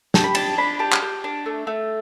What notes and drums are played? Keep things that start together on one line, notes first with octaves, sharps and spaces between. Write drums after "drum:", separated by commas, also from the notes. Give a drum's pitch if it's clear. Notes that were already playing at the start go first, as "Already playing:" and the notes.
G4 A5, drum: snare
B5
D4 A5, drum: cymbal
D4 B5
G4 A5
drum: clap
G4
D4
A3
A3